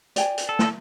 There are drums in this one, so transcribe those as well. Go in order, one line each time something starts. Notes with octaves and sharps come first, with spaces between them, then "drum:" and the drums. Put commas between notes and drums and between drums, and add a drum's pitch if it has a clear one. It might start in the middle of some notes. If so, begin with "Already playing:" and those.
D5 G5 G#5, drum: hi-hat
drum: hi-hat
A4
drum: snare